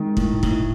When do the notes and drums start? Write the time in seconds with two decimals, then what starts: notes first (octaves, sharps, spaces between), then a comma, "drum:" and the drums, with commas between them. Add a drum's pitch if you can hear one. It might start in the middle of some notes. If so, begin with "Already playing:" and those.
Already playing: D#3 G#3
0.17 A2, drum: kick
0.43 A2, drum: kick